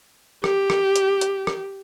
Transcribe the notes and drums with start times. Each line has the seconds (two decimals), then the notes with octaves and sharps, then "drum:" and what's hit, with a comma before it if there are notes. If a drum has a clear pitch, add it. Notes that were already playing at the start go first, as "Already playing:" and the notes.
0.44 G4, drum: rim click
0.70 drum: rim click
0.96 drum: hi-hat
1.21 drum: hi-hat
1.47 drum: rim click